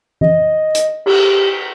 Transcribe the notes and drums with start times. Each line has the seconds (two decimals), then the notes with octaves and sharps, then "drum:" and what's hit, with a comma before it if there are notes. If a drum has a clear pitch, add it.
0.21 D#5, drum: tom E3
0.75 drum: hi-hat
1.06 G4, drum: cymbal